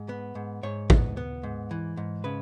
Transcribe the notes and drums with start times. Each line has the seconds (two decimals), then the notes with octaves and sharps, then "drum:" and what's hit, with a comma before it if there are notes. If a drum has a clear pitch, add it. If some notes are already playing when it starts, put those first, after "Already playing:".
Already playing: G#2
0.09 B3
0.35 G#2
0.63 G#2 C#5
0.90 B3, drum: kick
1.17 B3
1.43 G#2
1.71 E3
1.97 G#2
2.24 C#3 B4